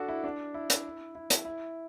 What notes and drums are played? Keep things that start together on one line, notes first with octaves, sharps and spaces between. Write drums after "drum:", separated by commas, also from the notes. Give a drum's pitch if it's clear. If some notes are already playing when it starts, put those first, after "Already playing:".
Already playing: D4 F#4 A4
E4
D4
E4
E4, drum: hi-hat
E4
E4, drum: hi-hat
E4